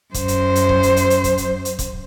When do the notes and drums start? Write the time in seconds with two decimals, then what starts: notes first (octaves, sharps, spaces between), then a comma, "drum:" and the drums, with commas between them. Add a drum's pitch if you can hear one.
0.14 F#2 C5, drum: kick, hi-hat
0.28 drum: hi-hat
0.55 drum: hi-hat
0.69 drum: kick
0.83 drum: hi-hat
0.97 drum: hi-hat
1.10 drum: hi-hat
1.24 drum: kick, hi-hat
1.38 drum: hi-hat
1.65 drum: hi-hat
1.79 drum: kick, hi-hat